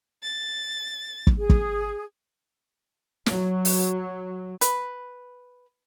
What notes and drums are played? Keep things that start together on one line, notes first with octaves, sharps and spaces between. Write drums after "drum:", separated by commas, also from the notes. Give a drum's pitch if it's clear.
A6
drum: kick
G#4
drum: kick
F#3, drum: snare
drum: open hi-hat
B4, drum: hi-hat